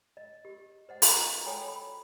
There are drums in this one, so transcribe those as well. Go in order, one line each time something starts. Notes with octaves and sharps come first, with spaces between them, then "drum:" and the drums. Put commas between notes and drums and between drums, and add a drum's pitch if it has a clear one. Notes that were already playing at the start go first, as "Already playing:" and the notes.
D#5
G4
C5 D#5 F#5
F4 F#4 D#5 A#5, drum: open hi-hat
A4 C#5 G5 G#5 B5
B5